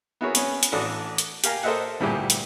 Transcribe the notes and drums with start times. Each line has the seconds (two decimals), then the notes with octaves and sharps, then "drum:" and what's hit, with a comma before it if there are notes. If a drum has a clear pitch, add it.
0.21 B3 E4 F#4 G#4 A#4 C#5
0.35 B3 C#4, drum: hi-hat
0.63 drum: hi-hat
0.72 A1 E3 D4 F#4 A4 D#6
1.18 drum: hi-hat
1.44 G4 A#4 F5 G#5 A#5, drum: hi-hat
1.63 A4 A#4 C5 D#5 E5 F#5
2.00 D2 G2 A#2 E4 G4 G#4
2.30 drum: hi-hat